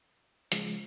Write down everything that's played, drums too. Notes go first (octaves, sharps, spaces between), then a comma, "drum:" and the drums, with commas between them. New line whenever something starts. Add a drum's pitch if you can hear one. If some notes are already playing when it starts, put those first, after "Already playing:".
C#3 F3 G#3, drum: hi-hat